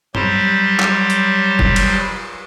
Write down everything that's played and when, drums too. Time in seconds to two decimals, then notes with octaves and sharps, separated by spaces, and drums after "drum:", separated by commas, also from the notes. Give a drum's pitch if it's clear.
0.15 F#3 G3 G4 C5 C6, drum: tom G2
0.80 drum: clap
1.10 drum: hi-hat
1.59 drum: kick F#1
1.76 drum: cymbal